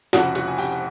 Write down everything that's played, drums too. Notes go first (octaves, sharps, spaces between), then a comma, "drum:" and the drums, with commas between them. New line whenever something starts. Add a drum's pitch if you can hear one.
F1 F2 C#3 F#4 F#5, drum: snare
F#4 F#5, drum: hi-hat
G#5
G4 G5, drum: open hi-hat